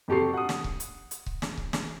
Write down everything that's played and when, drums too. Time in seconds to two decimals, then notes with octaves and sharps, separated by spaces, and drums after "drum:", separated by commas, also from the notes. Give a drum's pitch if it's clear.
0.08 F2 F#3 G4 A4 C#6 C7
0.33 F#5 D#6
0.49 drum: snare
0.64 drum: kick C#1
0.80 drum: hi-hat
1.11 drum: hi-hat
1.26 drum: kick C#1
1.42 drum: snare
1.57 drum: kick C#1
1.73 drum: snare